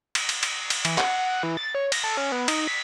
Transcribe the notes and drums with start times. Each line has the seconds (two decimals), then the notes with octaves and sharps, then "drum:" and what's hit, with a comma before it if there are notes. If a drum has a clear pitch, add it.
0.15 drum: cymbal
0.29 drum: cymbal
0.43 drum: cymbal
0.70 drum: cymbal
0.85 E3, drum: cymbal
0.98 F#5, drum: clap
1.18 F#5
1.43 E3
1.57 A6
1.75 C#5
1.92 A#6, drum: cymbal
2.04 A4
2.17 C#4
2.32 B3
2.48 D#4, drum: cymbal
2.68 B6